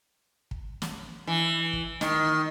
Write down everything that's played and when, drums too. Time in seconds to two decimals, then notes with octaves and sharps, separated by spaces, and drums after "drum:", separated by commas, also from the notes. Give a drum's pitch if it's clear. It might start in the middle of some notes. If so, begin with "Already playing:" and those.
0.51 drum: kick
0.82 drum: snare
1.27 E3
1.73 drum: kick
2.01 D#3, drum: snare